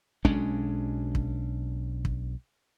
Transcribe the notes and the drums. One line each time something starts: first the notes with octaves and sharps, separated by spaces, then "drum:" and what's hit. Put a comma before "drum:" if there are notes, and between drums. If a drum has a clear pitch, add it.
B1 G#3 C#4 D4, drum: kick
drum: kick
drum: kick